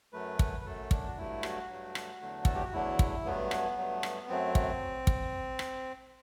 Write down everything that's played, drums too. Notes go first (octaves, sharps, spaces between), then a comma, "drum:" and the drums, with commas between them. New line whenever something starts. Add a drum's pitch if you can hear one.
F#2 F#3 A3 B4
drum: kick
B4
F#2 F#3 A3 A4
D4, drum: kick
F#4
G2 F#3 A3 E4
F#4, drum: rim click
G2 F#3 A3
drum: rim click
E2 D3 F#3 A3
A4, drum: kick
G4
F#4
E2 D3 F#3 A3 E4
drum: kick
G2 F#3 A3 B3
drum: rim click
G2 F#3 A3
drum: rim click
F#2 F#3 A3 C4
drum: kick
drum: kick
drum: rim click